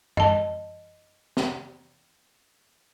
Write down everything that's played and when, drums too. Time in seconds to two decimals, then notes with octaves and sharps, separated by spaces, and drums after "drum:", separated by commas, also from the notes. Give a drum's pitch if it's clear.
0.17 D#5 A5, drum: tom F#2
1.37 drum: snare